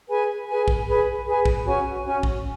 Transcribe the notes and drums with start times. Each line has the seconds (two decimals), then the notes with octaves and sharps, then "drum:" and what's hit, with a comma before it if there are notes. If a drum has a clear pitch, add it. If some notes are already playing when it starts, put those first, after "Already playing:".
0.09 G#4 B4 G#5
0.48 G#4 B4 G#5
0.68 drum: kick
0.87 G#4 B4 G#5
1.26 G#4 B4 G#5
1.45 drum: kick
1.65 C#4 F#4 C#5 G#5
2.04 C#4 F#4 C#5 G#5
2.23 drum: kick